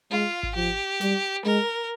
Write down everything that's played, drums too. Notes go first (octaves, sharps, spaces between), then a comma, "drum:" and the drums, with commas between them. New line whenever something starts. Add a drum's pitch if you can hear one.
G#3 F4
drum: kick G#1
F3 G4
G3, drum: snare
G#3 A#4